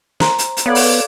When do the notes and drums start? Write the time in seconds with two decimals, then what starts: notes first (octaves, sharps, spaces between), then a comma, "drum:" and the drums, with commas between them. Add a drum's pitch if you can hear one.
0.20 C5 A#5 C6, drum: snare
0.38 drum: hi-hat
0.57 drum: hi-hat
0.66 B3 A4 C#5 D5 F5 G#6
0.75 drum: open hi-hat